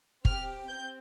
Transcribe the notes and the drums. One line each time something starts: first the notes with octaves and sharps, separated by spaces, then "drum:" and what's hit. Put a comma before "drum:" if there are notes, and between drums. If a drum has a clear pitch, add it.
C4 G4 F6, drum: kick
C4 G6